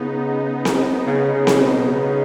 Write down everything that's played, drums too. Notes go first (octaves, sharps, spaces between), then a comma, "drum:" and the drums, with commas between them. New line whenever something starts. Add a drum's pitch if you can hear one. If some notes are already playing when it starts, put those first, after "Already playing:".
Already playing: C#3 B3 D#4
drum: snare C4
C#3
C#3
drum: snare C4
B2
C#3